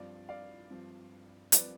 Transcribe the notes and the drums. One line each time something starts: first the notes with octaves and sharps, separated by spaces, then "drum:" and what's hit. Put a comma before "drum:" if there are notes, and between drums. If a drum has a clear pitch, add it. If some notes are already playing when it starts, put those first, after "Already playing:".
Already playing: G2 F3 C4 D5 F5
D5 F5
G2 F3 C4
G2 F3 C4 B4 D5, drum: hi-hat